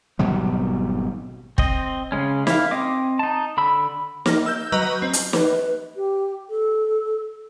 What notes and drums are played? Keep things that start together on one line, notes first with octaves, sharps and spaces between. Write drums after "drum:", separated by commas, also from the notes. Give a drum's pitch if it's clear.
G#1 B2 F#3 G3
C4 D#5, drum: kick
C#3 G#3 C#4
E4 F5, drum: snare
C4 D#5 D6
D#4 A5
D3 B5 E6
A#3, drum: snare
E6 G6
F#3 B4 D#5 A#5 C#6 G6
C4
drum: hi-hat
B4, drum: snare
G4
A4